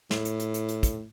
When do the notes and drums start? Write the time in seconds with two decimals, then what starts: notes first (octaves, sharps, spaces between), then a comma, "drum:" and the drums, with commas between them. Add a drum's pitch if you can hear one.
0.11 A2, drum: snare
0.25 drum: hi-hat
0.40 drum: hi-hat
0.54 drum: hi-hat
0.69 drum: hi-hat
0.83 drum: kick, hi-hat